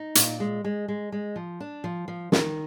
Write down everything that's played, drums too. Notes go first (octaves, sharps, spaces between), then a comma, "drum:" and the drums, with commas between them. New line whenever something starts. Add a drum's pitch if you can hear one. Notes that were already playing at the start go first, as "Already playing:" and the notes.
Already playing: D#4
A#2, drum: hi-hat
G#3
G#3
G#3
G#3
F3
D4
F3
F3
D#3, drum: snare